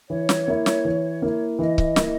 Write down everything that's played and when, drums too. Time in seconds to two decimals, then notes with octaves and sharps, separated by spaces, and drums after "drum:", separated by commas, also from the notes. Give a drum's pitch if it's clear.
0.10 E3 C#5
0.29 drum: snare
0.48 A#3 E4
0.66 drum: snare
0.85 E3
1.22 A#3 E4
1.59 E3 D#5
1.78 drum: kick C#1
1.96 A#3 E4, drum: snare